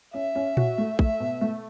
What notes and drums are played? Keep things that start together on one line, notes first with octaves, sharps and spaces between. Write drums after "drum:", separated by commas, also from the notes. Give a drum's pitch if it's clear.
C#4 E5
C#4
F#4, drum: tom A#2
A3
A3 E5, drum: kick
B2
A3